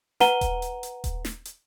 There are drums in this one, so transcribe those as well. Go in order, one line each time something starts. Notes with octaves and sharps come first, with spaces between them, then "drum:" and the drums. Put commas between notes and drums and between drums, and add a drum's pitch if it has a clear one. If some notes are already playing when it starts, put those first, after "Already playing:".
B4 F#5 A#5 D#7 G7, drum: snare
drum: kick D#1, hi-hat
drum: hi-hat
drum: hi-hat
drum: kick D#1, hi-hat
drum: snare
drum: hi-hat